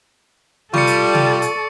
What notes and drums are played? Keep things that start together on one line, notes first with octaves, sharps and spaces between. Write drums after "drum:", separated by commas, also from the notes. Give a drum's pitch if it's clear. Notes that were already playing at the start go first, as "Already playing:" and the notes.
G3 F4 A4 D5 C#6 C#7, drum: tom C3
drum: hi-hat
drum: tom C3
drum: hi-hat